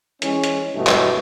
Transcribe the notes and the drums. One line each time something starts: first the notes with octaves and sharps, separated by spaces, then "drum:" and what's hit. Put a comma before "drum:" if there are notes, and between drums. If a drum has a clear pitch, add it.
E3 G#3 C#4, drum: hi-hat
drum: hi-hat
G2 B2 E3 A3
drum: clap